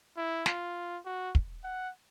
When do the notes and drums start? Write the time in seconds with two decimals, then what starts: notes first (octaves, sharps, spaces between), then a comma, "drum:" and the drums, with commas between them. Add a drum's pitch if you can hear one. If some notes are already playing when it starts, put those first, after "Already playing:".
0.17 E4
0.46 F4, drum: snare
1.05 F#4
1.35 drum: kick
1.64 F#5